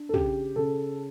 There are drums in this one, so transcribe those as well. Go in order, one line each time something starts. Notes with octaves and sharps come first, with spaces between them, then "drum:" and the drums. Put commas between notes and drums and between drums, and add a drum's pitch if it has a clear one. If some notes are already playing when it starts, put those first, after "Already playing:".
Already playing: D4
A4
C#3 G4, drum: tom
C#3 A4